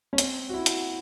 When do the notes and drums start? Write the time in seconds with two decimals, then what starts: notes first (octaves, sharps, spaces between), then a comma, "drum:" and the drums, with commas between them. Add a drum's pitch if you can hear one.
0.13 C#4
0.18 C4, drum: hi-hat
0.49 F#4
0.54 E4
0.66 drum: hi-hat